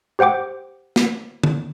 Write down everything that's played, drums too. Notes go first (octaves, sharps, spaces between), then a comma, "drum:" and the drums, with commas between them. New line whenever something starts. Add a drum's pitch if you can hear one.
G4 C5 F#5 G5 D6
drum: snare
drum: tom